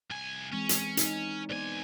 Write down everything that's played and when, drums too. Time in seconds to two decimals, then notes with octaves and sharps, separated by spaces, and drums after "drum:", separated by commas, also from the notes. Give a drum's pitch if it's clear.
0.10 C2 G#5
0.52 E3 G#3 C4 C#4
0.69 drum: hi-hat
0.97 D#4, drum: hi-hat
1.50 B1 B3 C5 D5 G#5